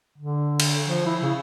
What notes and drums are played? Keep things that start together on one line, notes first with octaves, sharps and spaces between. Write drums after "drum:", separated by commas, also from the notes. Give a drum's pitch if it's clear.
D3
drum: cymbal
F3
E4
C#3